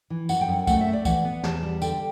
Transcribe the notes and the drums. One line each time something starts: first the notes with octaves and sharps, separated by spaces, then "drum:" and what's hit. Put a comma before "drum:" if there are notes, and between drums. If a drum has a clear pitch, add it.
E3
F#2 F#5, drum: tambourine
G5
F#2
F#5
A3 F#5, drum: kick, tambourine
E5
A3
D5
E3 F#5, drum: kick, tambourine
B3
E2 A5, drum: snare
G3
D3 G5, drum: tambourine